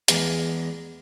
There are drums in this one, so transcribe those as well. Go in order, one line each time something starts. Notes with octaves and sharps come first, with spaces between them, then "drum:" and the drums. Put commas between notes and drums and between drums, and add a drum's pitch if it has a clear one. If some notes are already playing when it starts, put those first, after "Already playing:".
E2 G#3 D4 D5 A#5 D6, drum: hi-hat